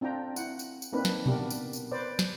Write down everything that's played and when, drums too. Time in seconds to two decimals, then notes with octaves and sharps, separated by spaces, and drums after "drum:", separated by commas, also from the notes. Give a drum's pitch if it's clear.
0.01 C4 D4 F4 G5 A#5
0.36 E4 F#5, drum: tambourine
0.59 drum: tambourine
0.82 drum: tambourine
0.93 A#3 C4 D4 D#4 B4
1.05 drum: snare
1.26 B3 D4 G4 A#4, drum: tom A#2
1.50 drum: tambourine
1.73 drum: tambourine
1.92 B4 C5 D5
2.19 drum: snare